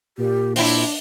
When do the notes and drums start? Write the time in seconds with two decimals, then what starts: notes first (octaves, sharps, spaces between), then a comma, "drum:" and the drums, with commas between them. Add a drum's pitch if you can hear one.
0.18 A#2 G4
0.56 C4 D4 E4, drum: open hi-hat